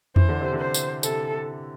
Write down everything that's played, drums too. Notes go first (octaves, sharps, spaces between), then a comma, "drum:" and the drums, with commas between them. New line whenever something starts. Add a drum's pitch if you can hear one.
E3 C5, drum: tom F2
D3
C3
D3
C5
drum: tambourine
C3 A4, drum: tambourine